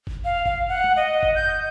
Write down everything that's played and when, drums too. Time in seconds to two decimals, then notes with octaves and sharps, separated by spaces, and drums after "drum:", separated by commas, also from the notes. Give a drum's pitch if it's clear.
0.07 drum: kick F#1
0.25 F5
0.46 F5, drum: kick F#1
0.69 F#5
0.84 drum: tom
0.96 D#5
1.23 drum: kick F#1
1.35 G6